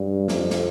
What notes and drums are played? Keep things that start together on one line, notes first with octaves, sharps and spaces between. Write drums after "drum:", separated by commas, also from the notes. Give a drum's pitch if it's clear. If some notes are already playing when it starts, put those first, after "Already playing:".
Already playing: G2
F2, drum: snare
drum: snare